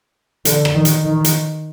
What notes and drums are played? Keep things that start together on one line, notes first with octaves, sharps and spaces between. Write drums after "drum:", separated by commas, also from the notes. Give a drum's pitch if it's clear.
D3, drum: hi-hat
drum: rim click
D#3
drum: hi-hat
D#3
drum: hi-hat